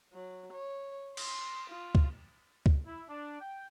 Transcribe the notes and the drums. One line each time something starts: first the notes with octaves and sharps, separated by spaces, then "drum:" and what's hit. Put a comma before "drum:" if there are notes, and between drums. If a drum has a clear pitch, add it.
F#3
C#5
C6, drum: cymbal
F4
drum: kick C#2
drum: kick C#2
E4
D4
G5